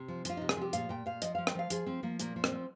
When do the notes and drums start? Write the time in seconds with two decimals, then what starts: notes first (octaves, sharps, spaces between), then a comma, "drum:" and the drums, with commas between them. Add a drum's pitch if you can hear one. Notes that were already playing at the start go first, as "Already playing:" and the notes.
Already playing: C3
0.08 F3
0.25 F3 F4, drum: hi-hat
0.37 C3 D#4
0.49 G#4, drum: rim click
0.57 F3 G4
0.73 A#2 F5, drum: hi-hat
0.89 A#2 G5
1.06 A#2 F5
1.22 F3 D#5, drum: hi-hat
1.35 F3 F5
1.47 G5, drum: rim click
1.55 F3 F5
1.70 F3 G#4, drum: hi-hat
1.86 F3 C4
2.03 F3 A#3
2.19 A#2 A#3, drum: hi-hat
2.36 F3
2.44 C4, drum: rim click
2.52 F3